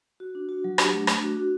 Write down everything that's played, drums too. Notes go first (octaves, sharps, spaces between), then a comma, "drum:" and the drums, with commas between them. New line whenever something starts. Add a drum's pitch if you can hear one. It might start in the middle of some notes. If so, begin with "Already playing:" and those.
F#4
D4
F#4
F#3
D4 G4, drum: rim click
A3
D4, drum: rim click
F#4
F#4